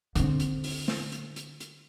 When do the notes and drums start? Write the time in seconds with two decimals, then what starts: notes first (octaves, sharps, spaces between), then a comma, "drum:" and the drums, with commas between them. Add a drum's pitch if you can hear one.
0.15 D3 C4, drum: hi-hat
0.40 drum: hi-hat
0.64 drum: open hi-hat
0.88 drum: snare
1.12 drum: hi-hat
1.36 drum: hi-hat
1.60 drum: hi-hat